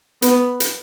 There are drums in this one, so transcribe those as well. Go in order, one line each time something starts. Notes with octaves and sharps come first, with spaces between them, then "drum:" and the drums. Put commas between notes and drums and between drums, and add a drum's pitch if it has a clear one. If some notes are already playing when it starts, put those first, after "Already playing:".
B3, drum: hi-hat
drum: hi-hat